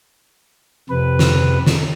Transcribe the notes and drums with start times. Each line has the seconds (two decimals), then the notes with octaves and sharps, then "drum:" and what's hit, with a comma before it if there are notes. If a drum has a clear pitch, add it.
0.90 F2 C3 B4
1.19 drum: snare
1.66 drum: snare